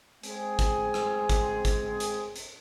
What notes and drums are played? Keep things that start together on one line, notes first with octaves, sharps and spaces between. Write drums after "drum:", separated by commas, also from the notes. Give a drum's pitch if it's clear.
G#3 C4 G#4, drum: hi-hat
drum: kick, hi-hat
drum: rim click
drum: kick, hi-hat
drum: kick, hi-hat
drum: hi-hat
drum: hi-hat